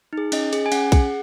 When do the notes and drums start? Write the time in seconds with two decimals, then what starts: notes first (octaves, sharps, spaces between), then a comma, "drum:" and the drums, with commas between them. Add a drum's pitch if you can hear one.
0.13 D#4 G#4
0.32 C#4 D#5, drum: cymbal
0.53 G#4, drum: cymbal
0.66 G#5
0.72 C#4 F#5, drum: cymbal
0.92 G#4, drum: kick B1, cymbal